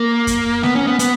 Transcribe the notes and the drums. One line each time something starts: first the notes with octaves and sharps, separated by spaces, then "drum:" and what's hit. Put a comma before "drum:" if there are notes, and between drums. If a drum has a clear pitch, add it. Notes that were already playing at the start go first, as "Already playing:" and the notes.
Already playing: A#3
drum: kick F#2, hi-hat
B3, drum: snare G#3
C#4
B3
B3, drum: hi-hat